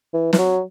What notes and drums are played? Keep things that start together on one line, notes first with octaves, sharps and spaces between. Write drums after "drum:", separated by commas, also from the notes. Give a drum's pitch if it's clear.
E3
E3, drum: snare
F#3